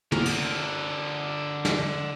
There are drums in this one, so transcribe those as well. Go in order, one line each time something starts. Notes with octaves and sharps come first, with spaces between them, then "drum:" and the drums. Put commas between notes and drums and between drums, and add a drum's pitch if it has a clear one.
D3 A#4, drum: tom
drum: cymbal
drum: snare